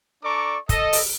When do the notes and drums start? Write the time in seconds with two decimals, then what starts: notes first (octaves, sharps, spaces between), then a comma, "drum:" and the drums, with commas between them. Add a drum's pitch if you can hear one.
0.22 D4 A4 D5 A#5 C#6 D6
0.69 A4 D#5, drum: kick, hi-hat
0.93 drum: open hi-hat